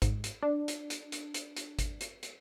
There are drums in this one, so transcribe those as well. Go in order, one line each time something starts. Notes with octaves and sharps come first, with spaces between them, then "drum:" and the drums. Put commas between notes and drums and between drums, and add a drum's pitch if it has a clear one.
G#2, drum: kick G#1, hi-hat
drum: hi-hat
D4
drum: hi-hat
drum: hi-hat
drum: hi-hat
drum: hi-hat
drum: hi-hat
drum: kick G#1, hi-hat
drum: hi-hat
drum: hi-hat